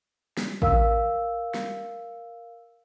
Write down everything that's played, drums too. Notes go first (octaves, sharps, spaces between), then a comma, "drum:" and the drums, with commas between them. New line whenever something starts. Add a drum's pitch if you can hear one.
drum: snare
A#4 F5 E6, drum: kick A1
drum: snare